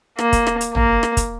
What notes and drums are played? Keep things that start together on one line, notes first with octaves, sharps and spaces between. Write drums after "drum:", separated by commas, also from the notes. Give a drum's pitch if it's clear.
A#3, drum: rim click
drum: kick, hi-hat
drum: rim click
drum: hi-hat
A#3, drum: tom
drum: rim click
drum: kick, hi-hat